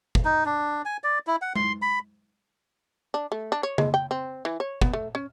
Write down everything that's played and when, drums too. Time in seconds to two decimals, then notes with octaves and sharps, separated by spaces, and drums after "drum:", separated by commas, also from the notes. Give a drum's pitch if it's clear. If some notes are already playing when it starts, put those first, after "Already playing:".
0.15 drum: kick
0.25 D#4
0.46 D4
0.85 G#5
1.04 D5
1.27 E4
1.42 F#5
1.56 C6, drum: tom G#3
1.82 B5
3.14 D4
3.32 A3
3.52 D4
3.63 C#5
3.78 G#3, drum: tom C#3
3.94 G5
4.11 C4
4.45 E3
4.60 C#5
4.81 B3, drum: kick
4.93 A3
5.15 C#4